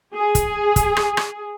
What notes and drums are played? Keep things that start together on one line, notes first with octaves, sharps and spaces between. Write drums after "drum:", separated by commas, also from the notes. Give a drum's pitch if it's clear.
G#4
drum: kick, hi-hat
drum: kick, hi-hat
drum: rim click
drum: rim click